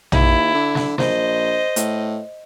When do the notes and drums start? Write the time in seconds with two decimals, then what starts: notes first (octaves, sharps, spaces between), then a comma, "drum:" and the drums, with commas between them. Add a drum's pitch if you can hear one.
0.12 D#2 E4, drum: tom
0.54 D3
0.75 drum: snare
0.98 A#1 C5 D#5, drum: snare
1.76 A2, drum: hi-hat